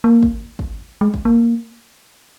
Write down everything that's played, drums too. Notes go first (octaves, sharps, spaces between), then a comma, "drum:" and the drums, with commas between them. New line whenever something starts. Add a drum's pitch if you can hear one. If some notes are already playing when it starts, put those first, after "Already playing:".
A#3
drum: kick
drum: kick
G#3
drum: kick
A#3